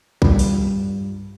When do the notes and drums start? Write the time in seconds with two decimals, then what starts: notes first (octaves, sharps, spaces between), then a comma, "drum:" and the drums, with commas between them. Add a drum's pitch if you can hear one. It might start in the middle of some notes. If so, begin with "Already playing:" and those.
0.22 G2 G3 F4 B4 B5, drum: kick
0.39 drum: open hi-hat